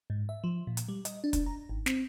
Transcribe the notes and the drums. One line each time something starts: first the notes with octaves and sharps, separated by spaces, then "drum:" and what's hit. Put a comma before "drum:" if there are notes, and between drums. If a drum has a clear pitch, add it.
G#2
E5
F3
A#2
drum: hi-hat
G3
D#5, drum: hi-hat
D4
drum: kick, hi-hat
A#5
G#1
C4, drum: snare